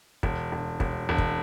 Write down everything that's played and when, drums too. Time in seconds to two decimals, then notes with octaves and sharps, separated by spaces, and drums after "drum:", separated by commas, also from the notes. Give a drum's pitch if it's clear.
0.23 E1, drum: kick
0.52 E1
0.80 E1, drum: kick
1.09 E1
1.18 drum: kick